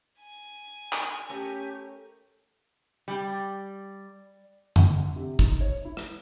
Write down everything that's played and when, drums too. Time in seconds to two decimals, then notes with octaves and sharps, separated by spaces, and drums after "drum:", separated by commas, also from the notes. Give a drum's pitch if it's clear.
0.19 G#5
0.92 drum: clap
1.30 A3 C#4 G4 A#4 C#5
3.08 G3
4.76 F#5, drum: tom F2
4.93 D3
5.16 C3
5.39 D#4, drum: kick
5.61 C#5
5.85 E4
5.97 drum: rim click